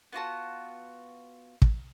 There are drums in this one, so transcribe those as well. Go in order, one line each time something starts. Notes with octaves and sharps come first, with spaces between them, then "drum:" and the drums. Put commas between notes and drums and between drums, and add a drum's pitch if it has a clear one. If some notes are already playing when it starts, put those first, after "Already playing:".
B3 F4 F#4 A5
drum: kick